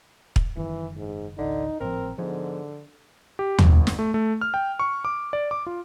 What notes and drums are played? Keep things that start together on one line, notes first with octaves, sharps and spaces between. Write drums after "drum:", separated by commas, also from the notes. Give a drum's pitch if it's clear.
drum: kick
F#1 D#3 E3
G#2
A1 D2 D3 D#4
G#1 A2 F3 C4 A#4
G#2 D3 F3 B3
G4
G1, drum: tom
drum: snare
A3
A3
F6
G5
C#6
D6
D5
D6
F4